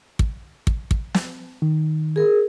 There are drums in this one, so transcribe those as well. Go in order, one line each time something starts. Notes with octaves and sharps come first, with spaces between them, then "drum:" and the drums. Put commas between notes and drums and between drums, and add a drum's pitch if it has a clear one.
drum: kick
drum: kick
drum: kick
drum: snare
D#3
G#4 A#4